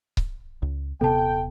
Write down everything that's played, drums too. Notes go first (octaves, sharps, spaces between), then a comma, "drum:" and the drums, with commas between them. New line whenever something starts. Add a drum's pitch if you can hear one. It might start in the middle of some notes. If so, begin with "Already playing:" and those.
drum: kick C#1
C#2
D#1 C3 B3 A4 G5 A5